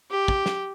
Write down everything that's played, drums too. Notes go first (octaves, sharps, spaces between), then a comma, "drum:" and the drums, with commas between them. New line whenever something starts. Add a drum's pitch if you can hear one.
G4
drum: kick
drum: snare